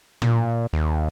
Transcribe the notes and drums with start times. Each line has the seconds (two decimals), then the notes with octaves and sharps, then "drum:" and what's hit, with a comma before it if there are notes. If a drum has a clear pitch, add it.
0.22 A#2, drum: tom
0.73 D#2